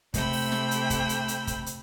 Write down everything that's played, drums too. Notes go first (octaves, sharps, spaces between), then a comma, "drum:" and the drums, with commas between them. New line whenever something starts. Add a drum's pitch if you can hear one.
C3 A3 G5 B5 E6, drum: kick, hi-hat
drum: open hi-hat
drum: snare
drum: hi-hat
drum: kick, hi-hat
drum: hi-hat
drum: hi-hat
drum: kick, hi-hat
drum: hi-hat